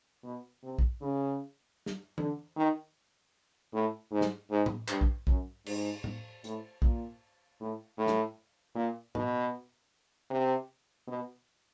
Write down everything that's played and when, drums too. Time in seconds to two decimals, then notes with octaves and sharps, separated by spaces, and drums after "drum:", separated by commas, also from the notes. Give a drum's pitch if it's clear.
0.24 B2
0.63 C3
0.79 drum: kick
1.02 C#3
1.86 drum: snare
2.18 D3, drum: tom
2.57 D#3
3.73 A2
4.12 G#2
4.21 drum: snare
4.50 G#2
4.66 drum: tom A2
4.88 G2, drum: clap
5.01 drum: kick
5.27 F#2, drum: kick
5.66 G#2, drum: cymbal
6.04 drum: tom A2
6.44 A2, drum: hi-hat
6.82 A#2, drum: kick
7.60 A2
7.98 A2
8.07 drum: snare
8.75 A#2
9.15 B2, drum: tom A2
10.30 C3
11.08 B2